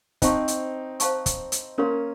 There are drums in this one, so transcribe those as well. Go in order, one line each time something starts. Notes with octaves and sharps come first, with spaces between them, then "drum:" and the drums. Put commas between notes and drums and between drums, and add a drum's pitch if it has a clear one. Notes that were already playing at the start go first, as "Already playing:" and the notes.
C4 D#4 C5 F5 A5 C#6, drum: kick, hi-hat
drum: hi-hat
C5 F5 A5 C#6, drum: hi-hat
drum: kick, hi-hat
drum: hi-hat
A#3 C#4 A#4 C#5 F5 C6